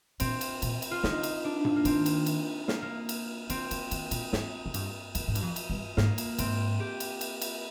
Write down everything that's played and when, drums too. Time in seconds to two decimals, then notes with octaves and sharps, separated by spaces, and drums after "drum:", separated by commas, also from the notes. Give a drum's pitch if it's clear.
0.20 A#2 C4, drum: cymbal
0.41 drum: cymbal
0.62 A#2, drum: cymbal
0.82 drum: cymbal
0.91 F4
1.03 D3 D#4, drum: snare
1.23 drum: cymbal
1.44 D4
1.65 drum: tom G#2
1.76 A#3
1.85 D#3 C4, drum: cymbal
2.06 drum: cymbal
2.26 drum: cymbal
2.68 A#3, drum: snare
2.82 A#3
3.09 drum: cymbal
3.50 D3 C4, drum: cymbal
3.71 D#3, drum: cymbal
3.91 D#3, drum: cymbal
4.11 A#2, drum: cymbal
4.33 G#2, drum: snare
4.66 G#2
4.74 G2, drum: cymbal
5.15 F2, drum: cymbal
5.28 G#2
5.35 G2, drum: cymbal
5.42 F2
5.56 drum: cymbal
5.70 G2
5.97 G#2 A#3, drum: snare
6.18 drum: cymbal
6.39 G#2 C4, drum: cymbal
6.80 G4
7.00 drum: cymbal
7.21 drum: cymbal
7.42 drum: cymbal